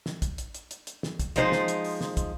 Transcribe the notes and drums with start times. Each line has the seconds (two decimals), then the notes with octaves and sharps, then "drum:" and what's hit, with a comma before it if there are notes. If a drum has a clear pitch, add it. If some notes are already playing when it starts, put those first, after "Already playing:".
0.06 drum: snare
0.22 drum: kick, hi-hat
0.38 drum: hi-hat
0.55 drum: hi-hat
0.71 drum: hi-hat
0.87 drum: hi-hat
1.03 drum: snare
1.19 drum: kick, hi-hat
1.36 F3 G#3 D#4 C5, drum: hi-hat
1.52 drum: snare
1.68 drum: hi-hat
1.84 drum: open hi-hat
2.01 drum: snare
2.17 drum: kick, hi-hat